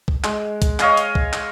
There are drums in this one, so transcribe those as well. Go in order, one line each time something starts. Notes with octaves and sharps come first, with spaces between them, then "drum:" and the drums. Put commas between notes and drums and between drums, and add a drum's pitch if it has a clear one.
drum: kick B1
G#3, drum: clap
drum: kick B1, hi-hat
C#5 D#5 F5 G#5, drum: clap
drum: hi-hat
drum: kick B1
drum: clap